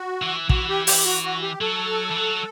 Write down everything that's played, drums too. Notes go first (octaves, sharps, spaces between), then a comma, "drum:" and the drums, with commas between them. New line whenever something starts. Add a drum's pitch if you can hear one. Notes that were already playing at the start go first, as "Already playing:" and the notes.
Already playing: F#4
E3
E3 F#4, drum: kick
G4
G4, drum: open hi-hat
F#4
F#4
G4
F#3 A4
E3
F#3